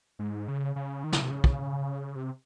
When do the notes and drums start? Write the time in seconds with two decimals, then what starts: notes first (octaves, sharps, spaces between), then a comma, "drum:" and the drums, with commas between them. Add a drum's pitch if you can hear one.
0.19 G#2
0.48 C#3
0.76 C#3
1.04 D#3
1.12 C#3, drum: snare
1.21 C3
1.30 C#3
1.44 drum: kick
2.16 C3